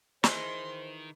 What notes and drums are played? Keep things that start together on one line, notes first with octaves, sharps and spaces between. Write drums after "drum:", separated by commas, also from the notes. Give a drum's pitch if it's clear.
D#3 E3 G#4 C5 D#5 C6, drum: snare